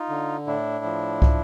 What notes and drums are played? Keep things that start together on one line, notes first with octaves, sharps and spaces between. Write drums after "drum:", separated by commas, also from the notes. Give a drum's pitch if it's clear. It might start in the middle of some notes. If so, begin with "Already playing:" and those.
Already playing: D#4 F4
D3
A2 D4 E4
F3
drum: kick